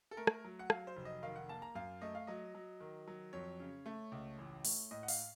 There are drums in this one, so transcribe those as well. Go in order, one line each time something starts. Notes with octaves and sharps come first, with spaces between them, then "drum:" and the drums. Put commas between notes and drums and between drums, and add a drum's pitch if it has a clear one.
A4
A3 A#4
drum: rim click
F#3
F#5
F#3 F5, drum: rim click
C5
F1
D#5
D#3 F5
F#5
A#3 A5
A#5
F#2 F5
A3 D#5
F5
F#3 D#5
F#3
D#3
F#3
F2 C#5
C#3
A3
C#2
A1
A3, drum: open hi-hat
A2 D#5
F#5
F5, drum: open hi-hat